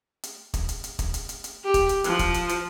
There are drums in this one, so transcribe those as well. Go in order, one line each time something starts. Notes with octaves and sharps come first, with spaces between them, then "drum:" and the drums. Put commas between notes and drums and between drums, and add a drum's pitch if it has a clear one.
drum: hi-hat
drum: kick, hi-hat
drum: hi-hat
drum: hi-hat
drum: kick, hi-hat
drum: hi-hat
drum: hi-hat
drum: hi-hat
G4
drum: kick, hi-hat
drum: hi-hat
F3, drum: hi-hat
drum: kick, hi-hat
drum: hi-hat
drum: hi-hat